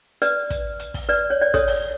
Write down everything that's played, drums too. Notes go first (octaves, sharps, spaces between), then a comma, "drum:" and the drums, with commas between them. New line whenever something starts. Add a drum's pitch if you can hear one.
B4 D5, drum: hi-hat
drum: kick, hi-hat
drum: hi-hat
drum: kick, open hi-hat
B4 D5
C#5
D5
A4 C#5, drum: kick, hi-hat
drum: open hi-hat